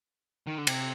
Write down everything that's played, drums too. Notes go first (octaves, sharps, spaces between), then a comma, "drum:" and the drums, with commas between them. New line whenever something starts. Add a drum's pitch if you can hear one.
D#3
D3
C3, drum: cymbal